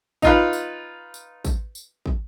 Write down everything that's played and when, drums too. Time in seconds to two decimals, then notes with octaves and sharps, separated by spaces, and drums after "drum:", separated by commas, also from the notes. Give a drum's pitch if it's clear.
0.22 D#4 F4 B4, drum: kick, tambourine
0.53 drum: tambourine
1.14 drum: tambourine
1.45 drum: kick, tambourine
1.75 drum: tambourine
2.06 drum: kick